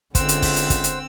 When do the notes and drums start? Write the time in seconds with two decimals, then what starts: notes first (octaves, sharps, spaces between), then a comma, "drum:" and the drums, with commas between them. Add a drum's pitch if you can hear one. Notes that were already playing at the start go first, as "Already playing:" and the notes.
0.15 C#2 D3 C4 C5 F#5 E6, drum: kick, hi-hat
0.29 drum: hi-hat
0.42 drum: kick, open hi-hat
0.56 drum: hi-hat
0.70 drum: kick, hi-hat
0.84 drum: hi-hat